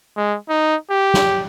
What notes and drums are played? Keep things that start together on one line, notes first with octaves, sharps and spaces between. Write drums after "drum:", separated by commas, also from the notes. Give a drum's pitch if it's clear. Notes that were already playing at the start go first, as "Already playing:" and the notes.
G#3
D#4
G4
drum: snare